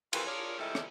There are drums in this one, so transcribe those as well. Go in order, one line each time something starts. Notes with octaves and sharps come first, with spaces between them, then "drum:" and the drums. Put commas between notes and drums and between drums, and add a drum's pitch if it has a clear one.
F2 E3 C4 F4 A#4 B4, drum: cymbal
D4 F4 G#4 A#4 C#5 D5
C3 D#3 G3 G#3 E4 A4
drum: rim click